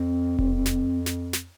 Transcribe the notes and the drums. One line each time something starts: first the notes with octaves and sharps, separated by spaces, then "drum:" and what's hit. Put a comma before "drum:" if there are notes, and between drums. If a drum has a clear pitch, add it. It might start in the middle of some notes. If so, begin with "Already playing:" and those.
Already playing: F2 C4
F2, drum: kick E1
drum: snare
drum: snare
drum: snare